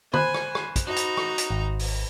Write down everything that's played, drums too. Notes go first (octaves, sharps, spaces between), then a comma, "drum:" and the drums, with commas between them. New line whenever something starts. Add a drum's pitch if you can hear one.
C5 G#5 B5 F#6, drum: tom
drum: rim click
drum: rim click
drum: kick, hi-hat
D#4 F#4 A#5
drum: hi-hat
drum: rim click
drum: hi-hat
G#1
drum: open hi-hat